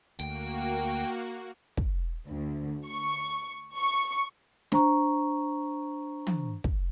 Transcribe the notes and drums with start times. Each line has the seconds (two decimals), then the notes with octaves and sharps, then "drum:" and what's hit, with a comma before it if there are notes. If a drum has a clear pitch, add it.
0.20 D2 A#3 F#4 G5
1.77 drum: kick
2.27 D2
2.86 C#6
3.76 C#6
4.72 D4 C5 A#5 C#6, drum: snare
6.27 drum: tom
6.64 drum: kick